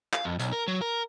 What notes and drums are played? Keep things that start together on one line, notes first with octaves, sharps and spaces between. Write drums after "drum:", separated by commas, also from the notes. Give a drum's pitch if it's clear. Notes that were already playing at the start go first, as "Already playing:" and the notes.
F5, drum: clap
F2
B1, drum: hi-hat
A#4
F#3
A#4